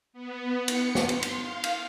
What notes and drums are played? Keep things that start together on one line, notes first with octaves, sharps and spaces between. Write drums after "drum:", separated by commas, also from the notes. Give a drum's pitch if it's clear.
B3
C#7
drum: cymbal
drum: snare
C6, drum: cymbal
drum: cymbal
F5
drum: cymbal